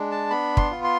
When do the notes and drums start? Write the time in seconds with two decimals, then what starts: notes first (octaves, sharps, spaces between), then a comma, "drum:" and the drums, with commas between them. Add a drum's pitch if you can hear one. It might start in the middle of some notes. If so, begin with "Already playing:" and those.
Already playing: G#3 D4
0.11 A5
0.30 B3 B5
0.57 C6, drum: kick
0.71 F4
0.84 C6